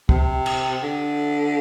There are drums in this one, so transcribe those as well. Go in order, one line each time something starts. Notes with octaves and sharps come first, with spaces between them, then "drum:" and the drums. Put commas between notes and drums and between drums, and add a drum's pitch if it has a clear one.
C3, drum: kick
drum: cymbal
D3